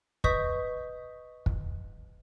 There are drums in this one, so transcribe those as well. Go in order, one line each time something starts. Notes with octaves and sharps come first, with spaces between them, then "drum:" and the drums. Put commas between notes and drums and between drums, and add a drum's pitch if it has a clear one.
B4 D#5 C#6 D#6 G6 B6, drum: kick
drum: kick